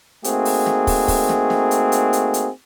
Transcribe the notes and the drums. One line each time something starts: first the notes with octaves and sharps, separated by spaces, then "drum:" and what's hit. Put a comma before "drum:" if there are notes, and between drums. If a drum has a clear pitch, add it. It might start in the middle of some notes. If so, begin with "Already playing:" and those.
A3 A#3 C4 D#4 F#4 G#4, drum: hi-hat
drum: open hi-hat
drum: snare
drum: kick, open hi-hat
drum: kick, open hi-hat
drum: snare
drum: snare
drum: hi-hat
drum: hi-hat
drum: hi-hat
drum: hi-hat